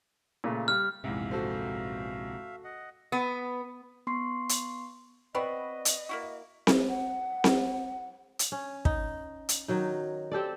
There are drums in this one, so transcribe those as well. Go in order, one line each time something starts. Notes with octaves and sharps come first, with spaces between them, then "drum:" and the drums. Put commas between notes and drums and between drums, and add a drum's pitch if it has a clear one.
A#2 C#3 A3
G3 F6
A#1 E2 G#2 C3 E5 F5
F#4 A4 C5
D#5 F#5
B3
B3 C6 C#6 C7
drum: hi-hat
B3 C4 F#4 B4 D5 D#5 B5
drum: hi-hat
A#3 E4 F#4
drum: snare C4
F#5
drum: snare C4
drum: hi-hat
C#4
D#4, drum: kick
drum: hi-hat
D#3 F#3 D#4
C4 G4 A4 D5